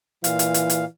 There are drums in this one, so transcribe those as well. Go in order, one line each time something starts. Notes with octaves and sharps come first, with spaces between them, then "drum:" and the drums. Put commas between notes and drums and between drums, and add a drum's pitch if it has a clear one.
A#2 E3 F5, drum: hi-hat
drum: hi-hat
drum: hi-hat
drum: hi-hat